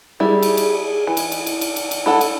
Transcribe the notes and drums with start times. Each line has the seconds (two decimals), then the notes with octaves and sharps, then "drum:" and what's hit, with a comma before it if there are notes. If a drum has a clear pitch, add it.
0.20 G3 E4 G#4
0.43 drum: cymbal
0.57 drum: cymbal
0.80 G#4
1.07 E3 E4
1.17 drum: cymbal
1.32 drum: cymbal
1.47 drum: cymbal
1.61 drum: cymbal
1.76 drum: cymbal
1.91 drum: cymbal
2.06 D4 E4 A4 F#5
2.21 drum: cymbal